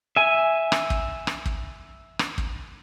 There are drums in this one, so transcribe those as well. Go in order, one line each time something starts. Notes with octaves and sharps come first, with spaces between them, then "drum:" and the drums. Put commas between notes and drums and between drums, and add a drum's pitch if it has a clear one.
E5 G#5
drum: rim click
drum: kick
drum: rim click
drum: kick
drum: rim click
drum: kick